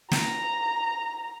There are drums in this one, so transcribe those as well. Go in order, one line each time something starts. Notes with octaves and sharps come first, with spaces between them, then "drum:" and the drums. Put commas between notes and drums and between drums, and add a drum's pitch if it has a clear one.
A#5, drum: snare